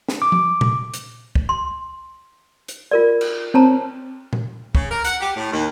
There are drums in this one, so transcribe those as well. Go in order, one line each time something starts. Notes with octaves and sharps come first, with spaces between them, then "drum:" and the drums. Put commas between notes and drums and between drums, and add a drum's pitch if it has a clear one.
drum: snare
D6
drum: tom F3
drum: tom A#2
drum: hi-hat
drum: kick
C6
drum: hi-hat
F4 A#4 D5
drum: cymbal
C4 C#5 A5 A#5
drum: tom A#2
C#3, drum: kick
A#4
F#5, drum: hi-hat
G4
A2
D#2